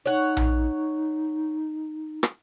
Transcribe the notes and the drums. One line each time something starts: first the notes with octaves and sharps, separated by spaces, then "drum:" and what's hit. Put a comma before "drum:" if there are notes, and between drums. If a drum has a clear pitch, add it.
D#4 C#5 F#5
drum: tom A#1
drum: rim click